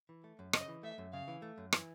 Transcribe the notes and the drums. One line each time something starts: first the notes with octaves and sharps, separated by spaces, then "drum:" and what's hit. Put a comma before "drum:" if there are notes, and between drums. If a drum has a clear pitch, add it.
E3
A3
F#2
C#3 D#5, drum: rim click
E3
A3 E5
F#2
C#3 F5
E3
A3
F#2
E3, drum: rim click